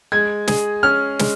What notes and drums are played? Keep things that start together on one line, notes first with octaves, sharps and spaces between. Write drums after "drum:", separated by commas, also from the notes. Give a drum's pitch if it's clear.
G#3 G#6
G#4, drum: snare
C#4 F6
G#3, drum: snare